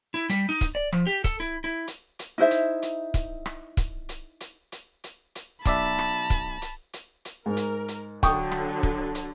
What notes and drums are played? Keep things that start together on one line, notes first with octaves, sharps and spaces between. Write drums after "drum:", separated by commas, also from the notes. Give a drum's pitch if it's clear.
E4
G3, drum: hi-hat
D#4
drum: kick, hi-hat
D5
F3, drum: rim click
G4
A4, drum: kick, hi-hat
E4
E4
drum: hi-hat
drum: hi-hat
D#4 E4 C5 E5
drum: hi-hat
drum: hi-hat
drum: kick, hi-hat
drum: rim click
drum: kick, hi-hat
drum: hi-hat
drum: hi-hat
drum: hi-hat
drum: hi-hat
drum: hi-hat
B1 D5 E5 A5 B5, drum: kick, hi-hat
drum: rim click
drum: kick, hi-hat
drum: hi-hat
drum: hi-hat
drum: hi-hat
G#2 A#4
drum: hi-hat
drum: hi-hat
D3 F#3 G5 C#6 D#6, drum: kick, hi-hat
drum: rim click
drum: kick
drum: hi-hat